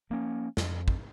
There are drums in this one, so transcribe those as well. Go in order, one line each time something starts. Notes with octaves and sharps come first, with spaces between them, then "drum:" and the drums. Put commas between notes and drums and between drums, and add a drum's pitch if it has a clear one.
F3 A#3 C#4
F2, drum: snare
drum: kick